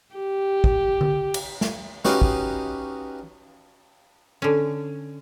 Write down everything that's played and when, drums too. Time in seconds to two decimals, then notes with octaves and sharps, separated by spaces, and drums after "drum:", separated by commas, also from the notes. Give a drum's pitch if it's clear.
0.15 G4
0.64 drum: kick
1.01 drum: tom D3
1.34 drum: cymbal
1.61 drum: snare
2.05 C#4 D#4 F#4 G4 B4 F5, drum: snare
2.22 drum: kick
4.42 D3 C#4